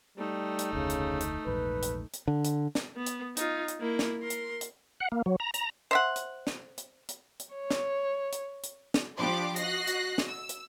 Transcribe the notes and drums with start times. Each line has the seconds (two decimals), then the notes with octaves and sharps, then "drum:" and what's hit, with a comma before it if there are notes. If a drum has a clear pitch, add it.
0.18 G3 A3 D#4
0.59 drum: hi-hat
0.73 F1 D2 C#3
0.90 drum: hi-hat
1.21 drum: hi-hat
1.47 A#1 E2 G#2 B4
1.82 drum: hi-hat
2.13 drum: hi-hat
2.28 D3
2.44 drum: hi-hat
2.75 drum: snare
2.97 B3
3.06 drum: hi-hat
3.37 D#4 F4, drum: hi-hat
3.68 drum: hi-hat
3.80 A#3 E4
3.99 drum: snare
4.21 A#4 C6
4.30 drum: hi-hat
4.61 drum: hi-hat
5.00 F#5
5.12 A#3
5.26 F#3
5.40 A#5
5.54 A#5, drum: hi-hat
5.91 C5 E5 F#5
6.16 drum: hi-hat
6.47 drum: snare
6.78 drum: hi-hat
7.09 drum: hi-hat
7.40 drum: hi-hat
7.54 C#5
7.70 drum: snare
8.32 drum: hi-hat
8.63 drum: hi-hat
8.94 drum: snare
9.17 F3 D4 G4 B5 C6 D6
9.56 F#4 D#5 F#6 A#6 C7, drum: hi-hat
9.87 drum: hi-hat
10.18 drum: snare
10.27 E6
10.49 drum: hi-hat